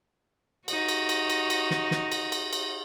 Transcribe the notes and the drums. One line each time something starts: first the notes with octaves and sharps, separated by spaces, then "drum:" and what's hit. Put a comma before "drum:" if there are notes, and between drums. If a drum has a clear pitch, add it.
D#4 F#4, drum: cymbal
drum: cymbal
drum: cymbal
drum: cymbal
drum: cymbal
drum: snare
drum: snare
drum: cymbal
drum: cymbal
drum: cymbal